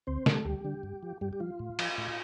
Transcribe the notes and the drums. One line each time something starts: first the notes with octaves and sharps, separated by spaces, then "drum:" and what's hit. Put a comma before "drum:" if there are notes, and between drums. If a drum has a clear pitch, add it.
D2 C4 C5
D3 G3 A3 A4, drum: snare
D2 G3 G4
D3 G3
G2
F3
G2 G3 G4
G4
F3 F4
A2
F3, drum: cymbal
A2